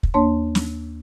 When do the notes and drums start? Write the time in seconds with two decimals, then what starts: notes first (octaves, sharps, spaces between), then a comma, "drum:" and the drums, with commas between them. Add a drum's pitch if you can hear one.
0.03 drum: kick
0.14 D#2 A#3 D4 C#5 A5 C6
0.55 drum: snare